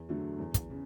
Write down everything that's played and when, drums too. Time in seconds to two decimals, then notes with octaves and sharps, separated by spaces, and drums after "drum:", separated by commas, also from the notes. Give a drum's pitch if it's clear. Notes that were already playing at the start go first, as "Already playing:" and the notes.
Already playing: E2
0.09 D3 F#3 A3
0.38 E2
0.54 drum: kick, hi-hat
0.70 C#3